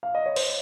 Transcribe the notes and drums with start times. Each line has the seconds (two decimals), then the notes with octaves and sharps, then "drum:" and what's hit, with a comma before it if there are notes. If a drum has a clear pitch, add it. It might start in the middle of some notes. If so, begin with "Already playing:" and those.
0.03 F5
0.15 D#5
0.26 C#5
0.36 C5, drum: cymbal